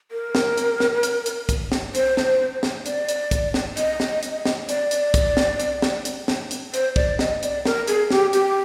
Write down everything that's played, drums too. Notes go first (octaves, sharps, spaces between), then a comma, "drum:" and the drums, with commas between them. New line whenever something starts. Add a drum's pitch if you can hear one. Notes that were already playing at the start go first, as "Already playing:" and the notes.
A#4
drum: snare
drum: hi-hat
drum: snare
drum: hi-hat
drum: hi-hat
drum: kick, hi-hat
drum: snare
C5, drum: hi-hat
drum: snare
drum: snare
D5, drum: hi-hat
drum: hi-hat
drum: kick, hi-hat
drum: snare
D#5, drum: hi-hat
drum: snare
drum: hi-hat
drum: snare
D5, drum: hi-hat
drum: hi-hat
drum: kick, hi-hat
drum: snare
drum: hi-hat
drum: snare
drum: hi-hat
drum: snare
drum: hi-hat
C5, drum: hi-hat
D5, drum: kick
D#5, drum: snare
D5, drum: hi-hat
A#4, drum: snare
G#4, drum: hi-hat
G4, drum: snare
G4, drum: hi-hat